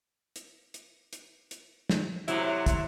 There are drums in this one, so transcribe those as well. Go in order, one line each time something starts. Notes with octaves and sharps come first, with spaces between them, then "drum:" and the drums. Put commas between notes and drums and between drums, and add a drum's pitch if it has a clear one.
drum: hi-hat
drum: hi-hat
drum: hi-hat
drum: hi-hat
drum: snare
A2 C3 F#3 E4, drum: hi-hat
drum: kick, hi-hat